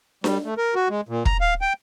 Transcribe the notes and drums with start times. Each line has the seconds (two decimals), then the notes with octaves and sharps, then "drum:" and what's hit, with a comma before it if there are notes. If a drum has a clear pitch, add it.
0.24 G3, drum: snare D4
0.45 A3
0.57 A#4
0.75 F#4
0.89 G#3
1.09 A#2
1.25 A#5, drum: kick
1.41 F5
1.61 G5